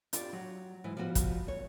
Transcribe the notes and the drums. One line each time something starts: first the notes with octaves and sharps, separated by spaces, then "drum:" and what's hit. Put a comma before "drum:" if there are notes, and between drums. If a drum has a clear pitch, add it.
D4 F4 G4 D5, drum: hi-hat
F#3
G#2 E3
F3 G3 B3 F#4 C5
drum: kick, hi-hat
E2 C#5